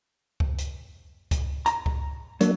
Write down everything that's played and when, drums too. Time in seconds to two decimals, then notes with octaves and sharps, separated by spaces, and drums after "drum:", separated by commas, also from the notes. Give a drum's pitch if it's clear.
0.40 drum: kick C#2
0.58 drum: hi-hat
1.31 drum: kick C#2, hi-hat
1.66 A#5, drum: hi-hat
1.86 drum: kick C#2
2.41 F#3 A#3 D4, drum: hi-hat